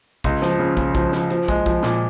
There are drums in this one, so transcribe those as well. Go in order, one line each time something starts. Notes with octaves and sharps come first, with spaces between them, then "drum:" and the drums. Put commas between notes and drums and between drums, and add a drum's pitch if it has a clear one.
C#2, drum: kick, hi-hat
F3, drum: snare
C#3
C#3, drum: kick, hi-hat
F3, drum: kick, hi-hat
F3, drum: snare
F3, drum: hi-hat
G#3, drum: kick, hi-hat
F3, drum: kick, hi-hat
A#2, drum: snare